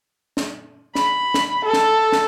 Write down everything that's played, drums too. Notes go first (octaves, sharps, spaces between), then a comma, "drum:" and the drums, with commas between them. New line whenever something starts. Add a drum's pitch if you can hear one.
drum: snare
B5, drum: snare
drum: snare
A4
drum: snare
drum: snare